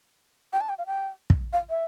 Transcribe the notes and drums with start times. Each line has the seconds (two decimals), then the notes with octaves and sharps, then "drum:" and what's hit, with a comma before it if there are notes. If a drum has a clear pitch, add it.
0.53 G5
0.61 A5
0.69 G5
0.78 F5
0.87 G5
1.30 drum: kick
1.53 F5
1.70 E5